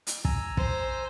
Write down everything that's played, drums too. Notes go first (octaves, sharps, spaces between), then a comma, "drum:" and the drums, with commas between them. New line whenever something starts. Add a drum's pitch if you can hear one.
drum: hi-hat
G#5 A#5 E6, drum: kick
C5, drum: kick